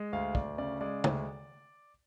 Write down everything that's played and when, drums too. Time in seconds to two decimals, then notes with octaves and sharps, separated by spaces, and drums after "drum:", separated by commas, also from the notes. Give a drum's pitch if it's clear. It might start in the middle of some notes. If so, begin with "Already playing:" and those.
Already playing: G#3
0.13 D2 F5
0.35 D2 D5, drum: kick
0.58 C#3 D5
0.81 G#3 D5
1.04 D2, drum: tom C#3